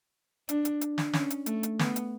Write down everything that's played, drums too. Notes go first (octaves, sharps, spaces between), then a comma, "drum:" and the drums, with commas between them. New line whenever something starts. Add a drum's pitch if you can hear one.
D4, drum: hi-hat
drum: hi-hat
drum: hi-hat
drum: snare
C#4, drum: snare
drum: hi-hat
A3, drum: hi-hat
drum: hi-hat
B3, drum: snare
drum: hi-hat